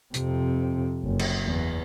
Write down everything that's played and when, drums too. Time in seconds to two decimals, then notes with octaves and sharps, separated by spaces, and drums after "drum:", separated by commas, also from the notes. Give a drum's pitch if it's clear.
0.14 F2 C3, drum: hi-hat
1.04 F#1
1.19 drum: cymbal
1.46 E2